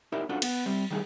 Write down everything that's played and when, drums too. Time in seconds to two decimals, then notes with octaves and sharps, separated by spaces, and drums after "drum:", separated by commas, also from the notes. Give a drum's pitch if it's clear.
0.12 D#4 E4 G4 A#4 D5 E5
0.29 C#4 D4 F4 F#4 A4 B4
0.42 B3, drum: cymbal
0.66 G3 C4
0.90 D#3 G3 A3 D#4 G4 G#4